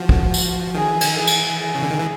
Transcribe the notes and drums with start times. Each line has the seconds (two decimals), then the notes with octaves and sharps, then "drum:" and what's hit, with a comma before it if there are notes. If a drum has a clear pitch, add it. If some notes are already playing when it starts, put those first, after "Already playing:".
Already playing: F3 F#4
0.09 drum: kick
0.34 drum: tambourine
0.74 D#3 G#4
0.88 E3
1.01 D#3, drum: cymbal
1.18 E3 G#4
1.27 drum: cymbal
1.61 G#4
1.75 C#3
1.83 D3
1.91 D#3
1.98 E3